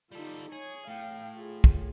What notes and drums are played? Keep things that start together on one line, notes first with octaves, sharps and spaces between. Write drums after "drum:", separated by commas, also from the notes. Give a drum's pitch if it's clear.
G3 D#4 F4 A4
G#4 C#5
A2 F5 G5
F4 G#4
drum: kick